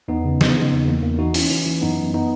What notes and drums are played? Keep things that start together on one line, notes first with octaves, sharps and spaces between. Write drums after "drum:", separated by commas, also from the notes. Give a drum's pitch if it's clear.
E2 B3 D#4
C#3
C#3, drum: snare
C#3
E2
E3 A#3
E2 A#3
E3 D#4 F#4
E3 C#4 E4, drum: open hi-hat
E3
E3
F#2 B3 D#4
F#2
B3 D#4